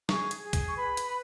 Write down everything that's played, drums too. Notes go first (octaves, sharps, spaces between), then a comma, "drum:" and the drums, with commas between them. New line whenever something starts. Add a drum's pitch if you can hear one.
G#4 C#6, drum: snare
drum: hi-hat
G#4
drum: kick, hi-hat
C#6
B4 B5
drum: hi-hat